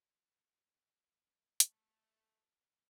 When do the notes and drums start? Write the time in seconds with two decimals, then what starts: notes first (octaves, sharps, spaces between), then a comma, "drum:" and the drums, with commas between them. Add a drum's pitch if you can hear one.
1.60 A3, drum: hi-hat